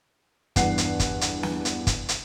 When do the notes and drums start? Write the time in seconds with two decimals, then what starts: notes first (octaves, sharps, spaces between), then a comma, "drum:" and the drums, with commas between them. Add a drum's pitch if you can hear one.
0.56 E2 G2 D4 F#5 C7, drum: kick, hi-hat
0.78 drum: hi-hat
1.00 drum: kick, hi-hat
1.21 drum: hi-hat
1.43 drum: snare
1.65 drum: hi-hat
1.87 drum: kick, hi-hat
2.09 drum: hi-hat